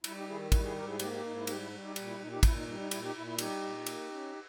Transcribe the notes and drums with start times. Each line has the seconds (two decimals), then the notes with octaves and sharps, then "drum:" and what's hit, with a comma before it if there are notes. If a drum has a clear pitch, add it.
0.04 G3 E4, drum: cymbal
0.16 D#4 G4
0.28 D#3 E4 G#4
0.52 G3 E4, drum: kick, cymbal
0.64 E4 G#4
0.76 G#2 G4 A#4
0.88 E4 G#4
0.99 A#3 D#4 G4, drum: cymbal
1.12 D#4 G4
1.24 G#2 D#4
1.36 E4
1.47 G3 D#4 G4, drum: cymbal
1.60 E4
1.71 G3
1.83 D#4 G4
1.96 A#2, drum: cymbal
2.07 E4
2.19 A#2 D#4
2.31 D#4 G4
2.43 A#2 E4, drum: kick, cymbal
2.56 D#4
2.67 G3 D#4
2.79 D#4
2.91 A#2 E4, drum: cymbal
3.03 D#4 G4
3.15 A#2 E4
3.27 E4
3.38 G3 D#4 G4, drum: cymbal
3.62 A#2
3.86 A#3, drum: cymbal
4.10 C#4